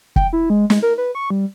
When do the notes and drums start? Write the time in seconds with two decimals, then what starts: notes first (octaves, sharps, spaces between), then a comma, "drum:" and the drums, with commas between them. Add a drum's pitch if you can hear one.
0.16 G5, drum: kick
0.33 E4
0.50 G#3
0.70 G#3, drum: snare
0.83 A#4
0.98 B4
1.15 C#6
1.30 G3